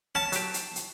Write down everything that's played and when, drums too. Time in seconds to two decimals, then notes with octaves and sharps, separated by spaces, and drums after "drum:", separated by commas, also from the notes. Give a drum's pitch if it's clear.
0.15 C#4 A5
0.32 F#3 G4, drum: hi-hat
0.54 drum: hi-hat
0.76 drum: hi-hat